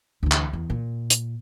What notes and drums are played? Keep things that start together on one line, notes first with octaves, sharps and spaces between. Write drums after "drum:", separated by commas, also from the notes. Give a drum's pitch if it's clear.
D2 E3
drum: clap
E2
A#2
drum: hi-hat